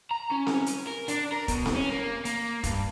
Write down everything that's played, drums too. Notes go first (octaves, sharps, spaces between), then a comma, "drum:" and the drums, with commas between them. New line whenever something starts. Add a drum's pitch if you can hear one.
A#5
C#4
drum: snare C4
drum: hi-hat
A#4
D4, drum: hi-hat
A#4
B2, drum: kick E1, hi-hat
drum: snare C4
C#4
A#3
A#3, drum: hi-hat
G2, drum: kick E1, hi-hat